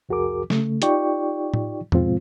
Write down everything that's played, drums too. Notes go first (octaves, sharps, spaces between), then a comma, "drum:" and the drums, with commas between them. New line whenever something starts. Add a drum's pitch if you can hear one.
C2 F2 F#4 G#4 A#4 D6
C#3 A3, drum: snare
D#4 F4 G4 D5 G5 C#6, drum: hi-hat
drum: tom A2
G#2 B2 F3 G#3 C4 F4, drum: tom E2